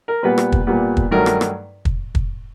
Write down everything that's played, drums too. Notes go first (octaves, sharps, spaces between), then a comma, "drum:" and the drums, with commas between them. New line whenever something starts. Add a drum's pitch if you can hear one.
A#4
A#2 G3 B3 B4
drum: rim click
drum: kick
A#2 G3 B3
drum: kick
G2 D#3 F#3 A3 A#4
drum: rim click
drum: rim click
drum: kick
drum: kick